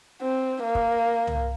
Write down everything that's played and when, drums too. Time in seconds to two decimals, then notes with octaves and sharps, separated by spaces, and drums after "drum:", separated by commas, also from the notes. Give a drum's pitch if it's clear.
0.21 C4
0.63 A#3
0.75 drum: kick
1.27 drum: tom